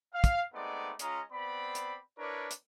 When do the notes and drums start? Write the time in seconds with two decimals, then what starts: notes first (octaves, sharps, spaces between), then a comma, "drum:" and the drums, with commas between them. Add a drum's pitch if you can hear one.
0.14 F5
0.24 drum: kick, hi-hat
0.54 G#3 A3 B3 C4 D#4 D5
0.99 G#3 C#4 F4 D#5 A#5, drum: hi-hat
1.32 B3 C4 D5 B5
1.75 drum: hi-hat
2.18 D4 E4 A#4 B4 C#5 D5
2.51 drum: hi-hat